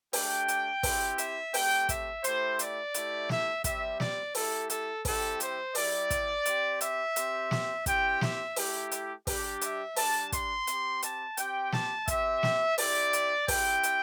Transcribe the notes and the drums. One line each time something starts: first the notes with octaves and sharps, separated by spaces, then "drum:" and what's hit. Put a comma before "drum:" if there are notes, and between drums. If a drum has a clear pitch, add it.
A3 D4 G4 G5, drum: open hi-hat
drum: hi-hat
C4 E4 G4, drum: kick, open hi-hat
E5, drum: hi-hat
A3 C4 G4 G5, drum: open hi-hat
E5, drum: kick, hi-hat
A3 E4 G4 C5, drum: hi-hat
D5, drum: hi-hat
A3 E4 G4, drum: hi-hat
E5, drum: snare
G3 C4 G4 E5, drum: kick, hi-hat
D5, drum: snare
A3 E4 G4 A4, drum: open hi-hat
A4, drum: hi-hat
G3 C4 E4 G4 A4, drum: kick, open hi-hat
C5, drum: hi-hat
G3 E4 G4 D5, drum: open hi-hat
drum: kick, hi-hat
C4 G4, drum: hi-hat
E5, drum: hi-hat
C4 G4, drum: hi-hat
drum: snare
C4 E4 G4 G5, drum: kick, hi-hat
E5, drum: snare
A3 E4 G4, drum: open hi-hat
drum: hi-hat
G3 D4 G4, drum: kick, open hi-hat
E5, drum: hi-hat
G3 D4 G4 A5, drum: open hi-hat
C6, drum: kick, hi-hat
C4 G4, drum: hi-hat
A5, drum: hi-hat
C4 G4 G5, drum: hi-hat
A5, drum: snare
C4 G4 E5, drum: kick, hi-hat
drum: snare
C4 E4 G4 D5, drum: open hi-hat
drum: hi-hat
C4 E4 G4 G5, drum: kick, open hi-hat
drum: hi-hat